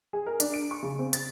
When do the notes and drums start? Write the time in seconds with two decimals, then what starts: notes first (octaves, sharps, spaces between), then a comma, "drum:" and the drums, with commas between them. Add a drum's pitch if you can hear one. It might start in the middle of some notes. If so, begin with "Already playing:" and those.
0.13 G#4
0.26 A#4
0.40 D4, drum: hi-hat
0.54 D7
0.71 C#6
0.83 C#3
0.99 C4
1.13 A6, drum: hi-hat